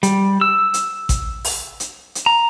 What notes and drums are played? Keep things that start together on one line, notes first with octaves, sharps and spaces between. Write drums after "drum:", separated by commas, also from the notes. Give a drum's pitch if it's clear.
G3, drum: hi-hat
E6
drum: hi-hat
drum: kick A1, hi-hat
drum: open hi-hat
drum: hi-hat
drum: hi-hat
A#5